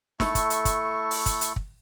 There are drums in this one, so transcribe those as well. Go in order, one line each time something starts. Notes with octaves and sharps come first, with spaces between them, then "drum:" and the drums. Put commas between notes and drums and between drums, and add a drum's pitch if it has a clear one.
A3 E4 A4 C#6, drum: snare
drum: kick, hi-hat
drum: hi-hat
drum: kick, hi-hat
drum: open hi-hat
drum: kick, hi-hat
drum: hi-hat
drum: kick